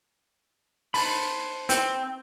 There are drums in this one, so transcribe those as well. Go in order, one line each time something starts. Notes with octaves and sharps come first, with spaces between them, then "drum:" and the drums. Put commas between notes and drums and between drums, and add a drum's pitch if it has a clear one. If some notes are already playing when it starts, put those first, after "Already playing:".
C5 A5 B5, drum: open hi-hat
C4, drum: hi-hat